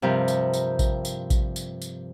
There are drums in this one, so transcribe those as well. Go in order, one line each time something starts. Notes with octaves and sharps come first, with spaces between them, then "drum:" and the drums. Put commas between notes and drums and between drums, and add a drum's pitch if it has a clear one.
G2 C3 F3 G4 A#4
drum: tambourine
drum: tambourine
drum: kick A1, tambourine
drum: tambourine
drum: kick A1, tambourine
drum: tambourine
drum: tambourine